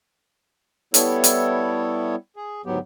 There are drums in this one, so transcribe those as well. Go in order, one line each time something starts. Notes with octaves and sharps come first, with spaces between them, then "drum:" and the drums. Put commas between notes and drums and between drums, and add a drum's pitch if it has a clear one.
G3 B3 E4 A4 C#5, drum: hi-hat
drum: hi-hat
G#4
D2 G#2 F#3 B3 G4